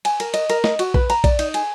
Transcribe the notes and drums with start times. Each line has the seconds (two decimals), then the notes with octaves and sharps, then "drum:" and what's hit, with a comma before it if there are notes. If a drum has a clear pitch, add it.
0.05 G#5, drum: cymbal
0.20 A#4, drum: cymbal
0.34 D#5, drum: cymbal
0.50 A#4, drum: cymbal
0.64 D#5, drum: snare
0.79 F#4, drum: cymbal
0.94 B4, drum: kick A#1
1.10 A#5, drum: cymbal
1.24 D5, drum: kick A#1, cymbal
1.39 D#4, drum: cymbal
1.54 G#4, drum: cymbal